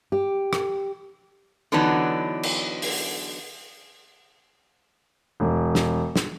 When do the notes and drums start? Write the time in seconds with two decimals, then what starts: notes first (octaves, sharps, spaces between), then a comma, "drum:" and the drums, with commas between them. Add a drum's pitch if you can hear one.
0.12 G4
0.53 drum: rim click
1.72 D3 E3 F#3 B3 D4 D#4
2.43 drum: cymbal
2.82 drum: open hi-hat
5.40 E1
5.75 drum: snare
6.16 drum: snare